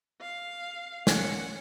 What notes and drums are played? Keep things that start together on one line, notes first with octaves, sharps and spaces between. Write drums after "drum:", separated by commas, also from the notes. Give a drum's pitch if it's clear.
F5
C#4 F#5, drum: snare